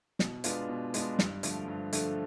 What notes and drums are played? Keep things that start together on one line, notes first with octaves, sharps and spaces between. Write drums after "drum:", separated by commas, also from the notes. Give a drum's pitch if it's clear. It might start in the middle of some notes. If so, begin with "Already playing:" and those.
B2, drum: snare
G#3 B3 D4 F4, drum: hi-hat
B2
G#3 B3 D4 F4, drum: hi-hat
G2, drum: snare
D3 F3 A3, drum: hi-hat
G2
D3 F3 A3, drum: hi-hat